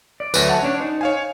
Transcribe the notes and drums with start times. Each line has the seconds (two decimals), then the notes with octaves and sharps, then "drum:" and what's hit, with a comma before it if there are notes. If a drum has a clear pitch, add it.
0.20 D5
0.34 D2 F#3 A3 B4, drum: tambourine
0.48 C#5 F#5 A5
0.63 C#4 D4
0.78 D#4 C5
1.01 C#5 F5 G#5